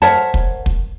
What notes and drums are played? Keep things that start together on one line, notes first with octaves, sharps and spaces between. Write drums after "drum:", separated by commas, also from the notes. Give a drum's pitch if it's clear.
A#4 C5 C#5 E5 F#5 A5
drum: kick
drum: kick